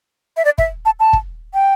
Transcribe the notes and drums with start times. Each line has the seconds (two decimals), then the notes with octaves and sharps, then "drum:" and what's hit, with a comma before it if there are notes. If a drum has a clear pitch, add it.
0.37 E5
0.45 D5
0.58 E5, drum: kick
0.85 A5
1.00 A5
1.13 drum: kick
1.54 G5